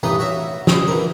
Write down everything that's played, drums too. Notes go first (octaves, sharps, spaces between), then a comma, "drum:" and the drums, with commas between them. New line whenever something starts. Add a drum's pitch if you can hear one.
A1 G2 E3 D#4 B4 D#6
F#4 C#5 E5
G#4, drum: snare
E3 A#4